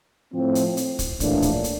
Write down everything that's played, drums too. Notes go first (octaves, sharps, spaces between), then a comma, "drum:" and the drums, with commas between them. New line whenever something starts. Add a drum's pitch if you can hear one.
A2 F3 C4
drum: hi-hat
drum: hi-hat
drum: kick, hi-hat
A#1 A2 E3 A#3 D4, drum: kick, hi-hat
drum: kick, hi-hat
drum: hi-hat